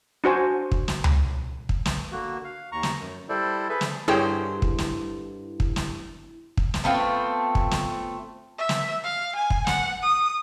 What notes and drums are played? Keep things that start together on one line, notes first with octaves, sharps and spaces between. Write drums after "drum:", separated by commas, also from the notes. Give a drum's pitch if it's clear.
D4 F#4 C5 G#5
drum: kick
drum: snare
drum: tom C#2
drum: kick
drum: snare
D3 A#3 F#4
F5
D#2 A#5 C#6
drum: snare
F#2
G3 E4 A4 C5 D5
G#4 A4 B4 E5
drum: snare
G2 D3 E4 G#4 C5 C#5 G5
drum: kick
drum: snare
drum: kick
drum: snare
drum: kick
drum: snare
A3 B3 C4 F4
drum: kick
drum: snare
E5
drum: snare
F5
G#5
drum: kick
F#5, drum: snare
D#6